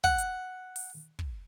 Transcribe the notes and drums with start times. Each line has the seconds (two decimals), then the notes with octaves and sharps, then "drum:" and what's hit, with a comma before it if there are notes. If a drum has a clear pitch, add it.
0.04 F#5, drum: kick
0.18 drum: hi-hat
0.76 drum: open hi-hat
1.19 drum: kick